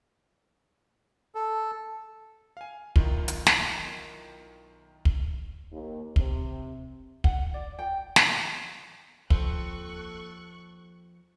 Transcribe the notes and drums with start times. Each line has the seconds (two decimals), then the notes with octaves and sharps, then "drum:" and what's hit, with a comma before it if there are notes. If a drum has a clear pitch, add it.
1.35 A4
2.57 F5 G#5
2.96 B1 D#3 E4 F4, drum: kick
3.28 drum: hi-hat
3.47 drum: snare
5.05 drum: kick
5.72 D#2
6.16 C3, drum: kick
7.24 F#5, drum: kick
7.54 D5
7.79 G5
8.16 drum: snare
9.30 D#2 F3 C4 A4 C#6 F#6, drum: kick